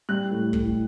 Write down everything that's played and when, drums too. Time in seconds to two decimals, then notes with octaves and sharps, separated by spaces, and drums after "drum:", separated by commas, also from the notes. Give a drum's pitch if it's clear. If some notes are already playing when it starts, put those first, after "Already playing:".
0.09 G3 F#6
0.31 A2
0.53 A2, drum: kick